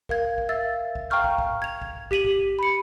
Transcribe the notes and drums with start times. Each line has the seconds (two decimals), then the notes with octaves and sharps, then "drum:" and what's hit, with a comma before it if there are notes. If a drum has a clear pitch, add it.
0.09 A#4 F5 G#6, drum: kick
0.38 drum: kick
0.49 E5 F5 E6 A6
0.95 drum: kick
1.10 F5 G5 A#5 C#6 F6 G6
1.24 drum: kick
1.38 drum: kick
1.62 G#6 F7
1.82 drum: kick
2.11 G4 B6 D#7 F#7, drum: kick
2.25 drum: kick
2.59 B5 C#7